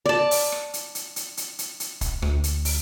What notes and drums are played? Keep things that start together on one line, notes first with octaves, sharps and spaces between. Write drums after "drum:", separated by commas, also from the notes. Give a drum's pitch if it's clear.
D5 A5
drum: open hi-hat
drum: rim click
drum: hi-hat
drum: hi-hat
drum: hi-hat
drum: hi-hat
drum: hi-hat
drum: hi-hat
drum: kick, hi-hat
D2, drum: rim click
drum: hi-hat
drum: open hi-hat